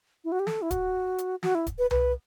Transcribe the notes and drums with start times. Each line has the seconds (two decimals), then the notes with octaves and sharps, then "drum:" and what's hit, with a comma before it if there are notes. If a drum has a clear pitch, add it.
0.25 E4
0.32 F#4
0.40 G4
0.47 A4, drum: snare
0.62 E4
0.71 F#4, drum: kick D1, hi-hat
1.18 drum: hi-hat
1.43 F#4, drum: snare
1.55 E4
1.67 drum: kick D1, hi-hat
1.79 B4
1.91 B4, drum: tom C2